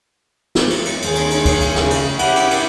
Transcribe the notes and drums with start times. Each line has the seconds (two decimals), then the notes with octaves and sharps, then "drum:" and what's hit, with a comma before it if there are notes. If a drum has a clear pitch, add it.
0.55 drum: snare
0.70 drum: cymbal
0.85 drum: cymbal
1.02 D#2 G#4, drum: cymbal
1.15 drum: cymbal
1.30 drum: cymbal
1.45 drum: kick, cymbal
1.61 drum: cymbal
1.76 C#3, drum: snare
1.91 drum: cymbal
2.19 E4 G4 F#5, drum: cymbal
2.36 drum: cymbal
2.51 drum: cymbal